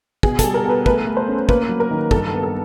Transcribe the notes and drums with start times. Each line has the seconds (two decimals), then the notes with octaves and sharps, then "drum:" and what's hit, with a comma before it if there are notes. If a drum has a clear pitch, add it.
0.23 B2 G#4, drum: kick
0.39 G3 A4, drum: kick, hi-hat
0.54 A#4
0.65 B3 B4
0.86 A3 B4, drum: kick
1.07 A3
1.17 C5
1.28 C#4
1.49 A#3 B4, drum: kick
1.69 F#3
1.80 A#4
1.91 D#3
2.11 G2 A4, drum: kick
2.33 B3
2.43 A4